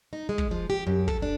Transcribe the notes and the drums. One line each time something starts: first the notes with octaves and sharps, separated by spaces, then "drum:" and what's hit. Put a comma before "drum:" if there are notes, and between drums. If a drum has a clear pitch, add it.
D#4
G#3
drum: kick
F3
G4
F#2
A4, drum: kick
D4